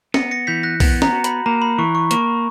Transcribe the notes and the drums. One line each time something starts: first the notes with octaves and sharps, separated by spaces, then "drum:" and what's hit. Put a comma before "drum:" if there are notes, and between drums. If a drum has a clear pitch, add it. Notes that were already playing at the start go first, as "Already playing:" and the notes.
B3 A#6 C#7, drum: snare
A#6 C#7
E3 G6 B6
F#6 A#6
B3, drum: kick, open hi-hat
A#5, drum: snare
F#4
B5, drum: hi-hat
A#3 A#5
B5
E3 C#6
C#6
A#3 C#6, drum: hi-hat